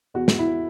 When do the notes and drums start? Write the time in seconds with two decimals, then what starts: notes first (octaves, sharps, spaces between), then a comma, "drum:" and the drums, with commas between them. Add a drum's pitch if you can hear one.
0.14 E2 F#4
0.28 drum: snare
0.39 E4